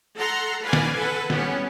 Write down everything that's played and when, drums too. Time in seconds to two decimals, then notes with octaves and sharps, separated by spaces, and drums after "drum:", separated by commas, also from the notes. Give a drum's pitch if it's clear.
0.17 A4 F#5 A#5 C6
0.63 B4 D5 F5 G#5
0.73 drum: snare
0.96 A4 B4 F#5
1.30 G3 B3 C#4, drum: snare